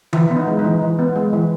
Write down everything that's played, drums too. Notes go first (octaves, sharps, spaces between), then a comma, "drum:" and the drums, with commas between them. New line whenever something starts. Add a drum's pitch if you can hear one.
E3 E4, drum: tom D#3
B3
D#4
G#3
D#4
E3
E3
B3
G#3
E3